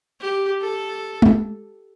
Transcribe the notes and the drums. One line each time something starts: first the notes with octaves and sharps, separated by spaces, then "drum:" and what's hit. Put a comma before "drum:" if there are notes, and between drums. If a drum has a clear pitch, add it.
G4
A4
drum: tom